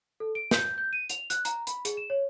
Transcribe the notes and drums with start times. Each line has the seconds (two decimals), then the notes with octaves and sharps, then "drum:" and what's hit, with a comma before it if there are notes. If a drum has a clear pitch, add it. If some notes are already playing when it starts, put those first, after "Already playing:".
0.20 A4
0.35 D7
0.51 G6, drum: snare
0.78 G6
0.93 D#7
1.09 F7, drum: hi-hat
1.30 F#6, drum: hi-hat
1.45 A#5, drum: hi-hat
1.67 B5, drum: hi-hat
1.85 G#4, drum: hi-hat
1.97 E7
2.10 C#5